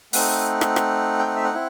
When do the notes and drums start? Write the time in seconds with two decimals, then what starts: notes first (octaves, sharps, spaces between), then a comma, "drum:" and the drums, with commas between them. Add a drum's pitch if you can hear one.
0.13 A3 C4 D#4 F#5, drum: open hi-hat
0.61 drum: rim click
0.76 drum: rim click
1.19 G5
1.27 F#5
1.36 E5
1.44 F#5
1.54 C4 E4